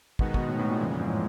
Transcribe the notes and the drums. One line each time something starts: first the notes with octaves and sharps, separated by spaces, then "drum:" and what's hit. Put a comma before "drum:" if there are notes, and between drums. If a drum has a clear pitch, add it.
B2 D#3 G#3 B3 D#4 F#4, drum: kick
B2, drum: kick
A2
A2
A#2
F2 C#3 E3 G#3
G#2
A2